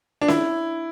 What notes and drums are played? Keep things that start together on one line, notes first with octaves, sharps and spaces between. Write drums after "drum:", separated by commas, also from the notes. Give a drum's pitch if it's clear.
D4
E4, drum: snare C#4